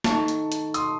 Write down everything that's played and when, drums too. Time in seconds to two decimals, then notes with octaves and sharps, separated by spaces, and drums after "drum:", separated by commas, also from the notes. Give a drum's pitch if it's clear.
0.04 D#3 A3 D#4 A5 C#6, drum: snare
0.28 drum: hi-hat
0.52 drum: hi-hat
0.74 C6 D#6, drum: hi-hat